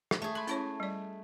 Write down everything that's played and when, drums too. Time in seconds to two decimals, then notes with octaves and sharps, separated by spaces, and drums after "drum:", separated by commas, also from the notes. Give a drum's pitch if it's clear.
0.11 drum: rim click
0.22 A3 G#4
0.35 A5 B5 C6
0.47 C#4 E4 C#5, drum: hi-hat
0.80 G3 D5